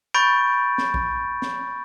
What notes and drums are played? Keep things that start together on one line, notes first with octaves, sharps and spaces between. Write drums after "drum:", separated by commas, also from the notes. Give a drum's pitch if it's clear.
B5 C#6 G6 A6 D7
drum: snare
drum: kick A#1
drum: snare